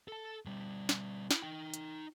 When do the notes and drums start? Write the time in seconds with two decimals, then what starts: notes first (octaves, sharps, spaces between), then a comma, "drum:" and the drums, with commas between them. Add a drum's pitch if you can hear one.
0.08 A4 A5
0.46 B2 G3
0.89 drum: snare
1.31 E4, drum: snare
1.42 D#4 G5
1.74 drum: hi-hat